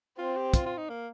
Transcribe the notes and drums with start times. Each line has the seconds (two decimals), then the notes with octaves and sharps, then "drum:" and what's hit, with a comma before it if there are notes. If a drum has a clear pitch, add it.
0.18 C4 F4
0.36 G4
0.54 F4, drum: kick, hi-hat
0.66 F4
0.77 D#4
0.89 A#3